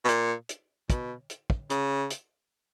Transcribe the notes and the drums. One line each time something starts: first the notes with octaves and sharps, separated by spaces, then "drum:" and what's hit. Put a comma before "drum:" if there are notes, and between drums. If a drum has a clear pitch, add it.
B2
A#2, drum: hi-hat
drum: hi-hat
B2, drum: kick, hi-hat
drum: hi-hat
drum: kick
C#3, drum: hi-hat
drum: hi-hat